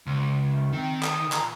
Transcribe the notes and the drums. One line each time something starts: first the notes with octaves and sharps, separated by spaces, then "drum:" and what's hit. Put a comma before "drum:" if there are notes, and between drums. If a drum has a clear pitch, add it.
C#2
D#3 A3
D#3 C4
D#6, drum: clap
A#2 E3 A#5, drum: clap